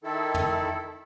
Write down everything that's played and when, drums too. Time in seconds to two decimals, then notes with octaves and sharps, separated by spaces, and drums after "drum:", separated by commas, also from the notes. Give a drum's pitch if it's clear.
0.04 D#3 E4 A4
0.34 drum: tom